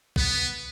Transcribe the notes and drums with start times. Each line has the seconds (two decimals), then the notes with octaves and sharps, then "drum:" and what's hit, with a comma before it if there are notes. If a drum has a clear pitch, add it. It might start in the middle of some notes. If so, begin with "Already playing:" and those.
0.16 B3, drum: kick